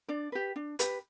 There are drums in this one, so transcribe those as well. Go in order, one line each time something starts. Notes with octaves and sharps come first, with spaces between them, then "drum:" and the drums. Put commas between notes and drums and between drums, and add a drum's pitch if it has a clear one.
D4 D5
G4 B4
D4
G4 B4, drum: hi-hat